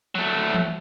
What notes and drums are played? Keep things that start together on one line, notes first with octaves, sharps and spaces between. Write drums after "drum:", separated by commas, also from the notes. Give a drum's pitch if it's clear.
F#3 A3
drum: tom E3